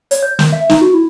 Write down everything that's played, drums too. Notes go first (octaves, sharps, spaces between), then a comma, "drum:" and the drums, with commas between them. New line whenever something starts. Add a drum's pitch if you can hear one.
C#5, drum: hi-hat
G6
D#3, drum: snare
E5
D#4, drum: snare
F#4
E4